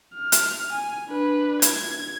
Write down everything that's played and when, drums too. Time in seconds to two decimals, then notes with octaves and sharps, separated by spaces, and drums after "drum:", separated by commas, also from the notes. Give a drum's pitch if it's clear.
0.15 F6
0.32 drum: hi-hat
0.73 G#5
1.10 D4 B4
1.62 G#6, drum: hi-hat